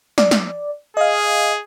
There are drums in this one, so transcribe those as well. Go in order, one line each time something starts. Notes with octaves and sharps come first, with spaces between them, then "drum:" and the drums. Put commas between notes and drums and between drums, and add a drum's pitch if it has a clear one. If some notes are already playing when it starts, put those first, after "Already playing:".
D5, drum: snare
drum: snare
G#4 D#5 F5